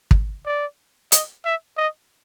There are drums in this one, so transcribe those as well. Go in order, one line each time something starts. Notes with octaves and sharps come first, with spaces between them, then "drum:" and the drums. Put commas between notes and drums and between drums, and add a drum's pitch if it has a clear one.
drum: kick
D5
D#5, drum: hi-hat
E5
D#5